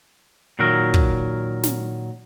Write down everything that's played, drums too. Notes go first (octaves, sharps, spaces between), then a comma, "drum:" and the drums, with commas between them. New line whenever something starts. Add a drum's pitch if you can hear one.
A#2 D#3 F#3 A#4
drum: kick
drum: snare